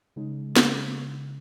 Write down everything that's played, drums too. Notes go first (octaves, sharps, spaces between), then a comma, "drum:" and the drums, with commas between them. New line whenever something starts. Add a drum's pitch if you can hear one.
C#3 G#3 D#4
drum: snare